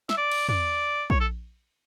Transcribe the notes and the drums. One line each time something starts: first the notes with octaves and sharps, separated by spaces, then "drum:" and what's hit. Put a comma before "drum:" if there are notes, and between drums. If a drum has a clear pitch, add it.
E5, drum: snare
D5
drum: cymbal
D5, drum: tom
C#5, drum: kick A#1
A4